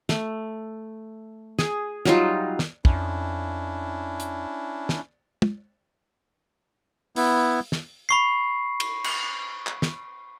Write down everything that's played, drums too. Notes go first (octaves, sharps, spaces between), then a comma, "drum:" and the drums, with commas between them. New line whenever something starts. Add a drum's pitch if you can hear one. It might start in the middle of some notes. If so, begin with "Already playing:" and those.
A3, drum: snare
G#4, drum: snare
F#3 G3 D#4 F4, drum: snare
drum: snare
F2 C#4 D4 E4, drum: kick
drum: hi-hat
drum: snare
drum: tom
B3 E4, drum: open hi-hat
drum: snare
B5 C#6 C7
drum: cymbal
drum: cymbal
drum: clap
drum: snare